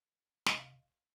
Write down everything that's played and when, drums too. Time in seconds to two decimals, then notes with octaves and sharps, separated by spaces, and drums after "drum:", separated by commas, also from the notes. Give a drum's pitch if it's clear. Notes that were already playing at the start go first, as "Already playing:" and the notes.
0.46 C3 D#5, drum: snare
0.59 F5